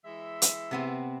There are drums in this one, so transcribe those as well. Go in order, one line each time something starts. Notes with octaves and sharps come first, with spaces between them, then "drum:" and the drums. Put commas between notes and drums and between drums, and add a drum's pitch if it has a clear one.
E3 G#3 E5
drum: hi-hat
C3 B3 C4